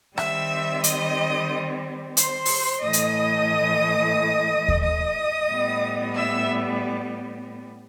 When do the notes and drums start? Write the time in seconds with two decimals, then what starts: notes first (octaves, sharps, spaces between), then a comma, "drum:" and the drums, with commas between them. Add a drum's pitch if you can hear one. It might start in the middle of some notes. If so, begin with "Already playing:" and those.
0.18 D#3 G3 C4 E5 E6, drum: rim click
0.84 D#5 D#6, drum: hi-hat
2.17 C5 C6, drum: hi-hat
2.45 drum: open hi-hat
2.83 A2 E3 A3 D#5 D#6
2.93 drum: hi-hat
4.68 drum: kick D#2
4.83 D#5 D#6
5.49 A2 G3 B3
6.16 E5 E6